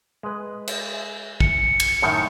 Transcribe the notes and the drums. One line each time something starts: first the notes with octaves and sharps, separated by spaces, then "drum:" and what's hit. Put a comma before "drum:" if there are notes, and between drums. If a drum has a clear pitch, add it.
G#3 B4
drum: cymbal
C#7, drum: kick
drum: cymbal
F#2 A2 D#3